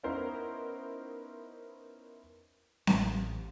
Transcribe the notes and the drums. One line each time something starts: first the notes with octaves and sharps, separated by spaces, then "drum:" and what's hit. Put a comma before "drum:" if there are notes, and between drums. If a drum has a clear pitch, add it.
B3 C#4 D#4 E4 A#4 C5
A1, drum: snare C4